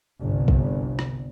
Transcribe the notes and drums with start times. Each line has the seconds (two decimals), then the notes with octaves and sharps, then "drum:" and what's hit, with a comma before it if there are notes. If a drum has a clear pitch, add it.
0.23 G1 C2 C3
0.48 drum: kick B1
0.99 drum: rim click